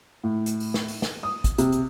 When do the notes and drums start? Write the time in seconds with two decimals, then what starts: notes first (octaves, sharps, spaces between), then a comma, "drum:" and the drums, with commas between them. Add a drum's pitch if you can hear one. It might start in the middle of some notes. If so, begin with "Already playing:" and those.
0.24 A2
0.46 drum: hi-hat
0.60 drum: open hi-hat
0.74 drum: snare
0.88 drum: open hi-hat
1.02 drum: snare
1.23 D#6
1.44 drum: kick, hi-hat
1.58 C3, drum: hi-hat
1.72 drum: hi-hat